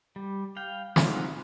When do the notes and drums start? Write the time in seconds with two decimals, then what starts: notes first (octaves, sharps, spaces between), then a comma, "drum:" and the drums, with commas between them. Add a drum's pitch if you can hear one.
0.16 G3
0.57 F5 G5
0.96 G3 C4 D#4 F4 F#4, drum: snare